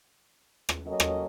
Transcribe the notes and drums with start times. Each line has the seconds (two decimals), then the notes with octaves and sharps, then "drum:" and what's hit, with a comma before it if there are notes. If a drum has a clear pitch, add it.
0.69 drum: rim click
0.84 F#3 A#3 C#4 A4 D#5
1.00 drum: rim click